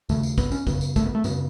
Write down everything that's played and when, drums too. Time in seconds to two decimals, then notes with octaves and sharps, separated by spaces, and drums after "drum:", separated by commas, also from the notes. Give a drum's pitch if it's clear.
0.09 D#2 C#3 A3, drum: tambourine
0.23 drum: tambourine
0.38 B3, drum: kick, tambourine
0.52 C#4, drum: tambourine
0.67 F#2 C#3 B3, drum: kick, tambourine
0.81 drum: tambourine
0.96 A3, drum: kick, tambourine
1.05 B3
1.15 A3
1.24 F#2 C#3 B3, drum: tambourine